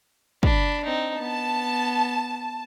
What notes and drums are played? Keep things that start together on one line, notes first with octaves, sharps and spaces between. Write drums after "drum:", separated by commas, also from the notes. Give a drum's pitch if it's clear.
D4 B5, drum: kick
C4 D#4
B3 A5